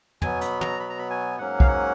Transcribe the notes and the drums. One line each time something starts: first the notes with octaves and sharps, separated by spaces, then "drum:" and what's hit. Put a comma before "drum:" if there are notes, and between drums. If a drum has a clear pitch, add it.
B2 F#3 B3 G#5, drum: tom
B5, drum: hi-hat
A#5, drum: tom
B5
A#5
B5
G#5
G#2 F#3 A#3 C#4 F#5
F5, drum: kick B1
F#5